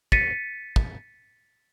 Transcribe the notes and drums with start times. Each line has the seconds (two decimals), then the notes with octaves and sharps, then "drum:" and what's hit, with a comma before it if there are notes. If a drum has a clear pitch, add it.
0.12 A6 B6 C#7 D#7, drum: kick
0.76 drum: kick